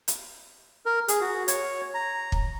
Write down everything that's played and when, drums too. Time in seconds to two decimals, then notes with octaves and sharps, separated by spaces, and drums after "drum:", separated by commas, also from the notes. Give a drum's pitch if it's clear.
0.08 drum: hi-hat
0.86 A#4
1.08 G#4, drum: hi-hat
1.21 F#4
1.48 C#5, drum: hi-hat
1.94 A#5
2.32 drum: kick